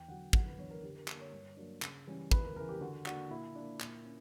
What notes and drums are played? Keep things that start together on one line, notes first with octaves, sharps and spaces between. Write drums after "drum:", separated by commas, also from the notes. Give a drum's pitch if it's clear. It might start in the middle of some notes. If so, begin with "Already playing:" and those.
Already playing: E2 G5
D3 F#3 F#5
F#2 F#5, drum: kick
B4
E3 B3 D4 C#5
A#4
D3 G4
A#4
A#3 D4 A#4, drum: clap
C#5
G2
F#3 A#3 D4
C#3, drum: clap
E3 G3 C#4
E2 B4, drum: kick
A#4
C#3 E3 A#4
G4
D3 F#4
A#3 D4 F#4, drum: clap
A#2 E4
A#3 D4
A#2, drum: clap
C#4